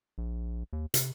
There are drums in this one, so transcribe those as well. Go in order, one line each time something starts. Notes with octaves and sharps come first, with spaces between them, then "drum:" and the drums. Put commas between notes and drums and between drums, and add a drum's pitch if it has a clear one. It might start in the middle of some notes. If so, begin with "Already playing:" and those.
A#1
D#2
C3, drum: hi-hat